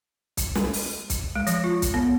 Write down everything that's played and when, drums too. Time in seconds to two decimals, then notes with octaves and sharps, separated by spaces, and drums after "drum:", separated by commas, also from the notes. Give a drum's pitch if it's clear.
0.37 drum: kick, hi-hat
0.55 drum: snare
0.73 drum: open hi-hat
1.10 drum: kick, hi-hat
1.36 G#3
1.47 F3, drum: hi-hat
1.64 F4
1.82 drum: kick, hi-hat
1.94 B3